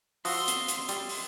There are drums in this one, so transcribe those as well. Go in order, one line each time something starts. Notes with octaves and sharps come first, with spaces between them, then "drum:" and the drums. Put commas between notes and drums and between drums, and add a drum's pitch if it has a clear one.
F3 F#4 C6 D#6 E6, drum: open hi-hat
drum: hi-hat
drum: hi-hat
G3, drum: hi-hat
drum: open hi-hat